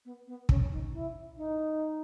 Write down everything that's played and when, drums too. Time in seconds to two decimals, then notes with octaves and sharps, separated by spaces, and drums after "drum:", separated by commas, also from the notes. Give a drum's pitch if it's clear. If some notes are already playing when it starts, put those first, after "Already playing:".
0.05 B3
0.27 B3
0.49 C#4, drum: kick
0.71 D#4
0.93 E4
1.37 D#4